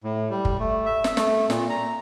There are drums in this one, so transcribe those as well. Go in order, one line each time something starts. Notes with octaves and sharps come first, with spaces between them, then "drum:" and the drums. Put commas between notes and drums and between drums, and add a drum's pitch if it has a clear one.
A2
G3
drum: kick
A3
E5
drum: snare
A3, drum: snare
A#2, drum: snare
A#5